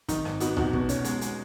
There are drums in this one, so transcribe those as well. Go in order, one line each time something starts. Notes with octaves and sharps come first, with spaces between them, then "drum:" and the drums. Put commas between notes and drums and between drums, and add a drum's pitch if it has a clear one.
D#3 D#4, drum: kick, hi-hat
G#1, drum: rim click
B3 D#4 F#4, drum: hi-hat
E2 D#4 F#4, drum: tom C2
B2, drum: kick
C#4, drum: hi-hat
G#3, drum: hi-hat
G#3, drum: hi-hat